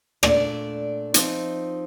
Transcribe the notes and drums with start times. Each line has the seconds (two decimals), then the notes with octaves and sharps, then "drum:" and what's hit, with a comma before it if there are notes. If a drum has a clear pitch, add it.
0.23 A#2 A3 D4 D5, drum: rim click
1.14 F3 C4 D#4, drum: hi-hat